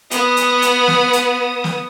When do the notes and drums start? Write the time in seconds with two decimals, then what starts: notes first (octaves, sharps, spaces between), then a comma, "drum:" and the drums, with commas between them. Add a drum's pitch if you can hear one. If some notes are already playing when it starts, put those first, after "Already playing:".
0.11 B3 D#6, drum: hi-hat
0.37 drum: hi-hat
0.62 drum: hi-hat
0.88 drum: snare
1.13 drum: hi-hat
1.64 drum: snare